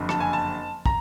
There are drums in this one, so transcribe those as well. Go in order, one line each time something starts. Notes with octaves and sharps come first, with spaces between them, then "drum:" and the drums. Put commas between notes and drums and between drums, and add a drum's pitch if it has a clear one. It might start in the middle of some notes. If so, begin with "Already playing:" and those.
Already playing: F#1 F2 D3
A5, drum: rim click
G#5
A5
A#5, drum: kick